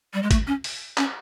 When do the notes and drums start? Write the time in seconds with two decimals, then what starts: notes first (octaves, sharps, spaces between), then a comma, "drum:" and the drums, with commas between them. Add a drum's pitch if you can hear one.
0.14 G3
0.23 G#3
0.31 A3, drum: kick, hi-hat
0.47 C#4
0.64 drum: open hi-hat
0.97 C#4, drum: clap